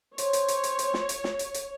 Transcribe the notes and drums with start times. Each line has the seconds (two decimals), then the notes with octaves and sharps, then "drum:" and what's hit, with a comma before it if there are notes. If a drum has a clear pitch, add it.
0.18 C5 C#5, drum: hi-hat
0.33 drum: hi-hat
0.48 drum: hi-hat
0.64 drum: hi-hat
0.79 drum: hi-hat
0.94 drum: snare
1.09 drum: hi-hat
1.24 drum: snare
1.39 drum: hi-hat
1.54 drum: hi-hat